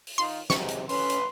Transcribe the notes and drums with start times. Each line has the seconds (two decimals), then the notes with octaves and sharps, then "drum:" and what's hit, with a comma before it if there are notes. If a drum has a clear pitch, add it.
0.07 drum: open hi-hat
0.18 D#3 F4 C6
0.50 C3 F#3 G#3 D#4 C#6, drum: snare
0.68 drum: hi-hat
0.89 A1 C#4 B4 C6, drum: open hi-hat
1.10 drum: hi-hat